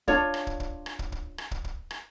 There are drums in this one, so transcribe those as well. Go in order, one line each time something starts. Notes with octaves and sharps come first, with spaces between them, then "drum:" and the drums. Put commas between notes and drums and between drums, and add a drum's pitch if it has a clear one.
D4 F4 C#5 D5, drum: kick
drum: rim click
drum: kick
drum: kick
drum: rim click
drum: kick
drum: kick
drum: rim click
drum: kick
drum: kick
drum: rim click